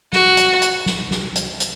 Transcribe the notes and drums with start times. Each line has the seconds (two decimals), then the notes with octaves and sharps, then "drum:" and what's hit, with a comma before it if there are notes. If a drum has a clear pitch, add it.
0.13 F#4, drum: snare
0.37 drum: hi-hat
0.62 drum: hi-hat
0.86 drum: snare
1.11 drum: snare
1.35 drum: hi-hat
1.60 drum: hi-hat